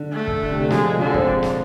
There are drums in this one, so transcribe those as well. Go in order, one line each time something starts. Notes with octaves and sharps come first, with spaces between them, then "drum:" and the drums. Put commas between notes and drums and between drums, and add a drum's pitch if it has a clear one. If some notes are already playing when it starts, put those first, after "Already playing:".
Already playing: D3
A3
drum: kick
D3
C3
D3
F3 G#3, drum: snare
D3 F3
G#3
C4, drum: kick
drum: snare